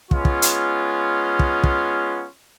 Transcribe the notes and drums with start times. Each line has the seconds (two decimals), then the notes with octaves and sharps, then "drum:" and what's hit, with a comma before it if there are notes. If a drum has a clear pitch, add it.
0.11 G#3 B3 C#4 F4, drum: kick
0.25 drum: kick
0.42 drum: hi-hat
1.39 drum: kick
1.63 drum: kick